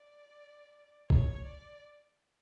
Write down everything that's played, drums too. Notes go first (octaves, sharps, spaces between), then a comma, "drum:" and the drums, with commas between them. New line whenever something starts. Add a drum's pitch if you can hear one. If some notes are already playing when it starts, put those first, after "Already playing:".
Already playing: D5
C#5, drum: kick
D5